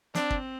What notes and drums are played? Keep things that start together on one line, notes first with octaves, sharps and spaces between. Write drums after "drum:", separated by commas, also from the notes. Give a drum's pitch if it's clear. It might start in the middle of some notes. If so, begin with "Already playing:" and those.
C4 D4, drum: snare
drum: kick